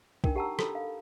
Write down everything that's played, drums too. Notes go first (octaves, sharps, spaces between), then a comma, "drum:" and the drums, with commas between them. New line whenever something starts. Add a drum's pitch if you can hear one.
D4 D#4 A#4 G5, drum: kick
G4 F#5 A5 A#5 E6
A4 B5, drum: rim click
F5